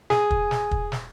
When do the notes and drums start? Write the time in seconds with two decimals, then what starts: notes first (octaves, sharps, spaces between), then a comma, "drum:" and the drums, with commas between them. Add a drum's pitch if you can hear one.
0.10 G#4 G#5, drum: snare
0.31 drum: kick
0.51 drum: snare
0.71 drum: kick
0.92 drum: snare